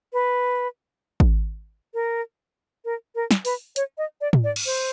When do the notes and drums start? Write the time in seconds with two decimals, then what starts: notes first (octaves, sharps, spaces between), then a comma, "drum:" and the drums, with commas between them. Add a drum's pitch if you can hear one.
0.13 B4
1.20 drum: kick G#1
1.94 A#4
2.85 A#4
3.15 A#4
3.31 drum: snare
3.45 B4, drum: open hi-hat
3.76 C#5, drum: hi-hat
3.98 D#5
4.21 D5
4.33 drum: tom
4.44 D5
4.56 drum: cymbal
4.66 C5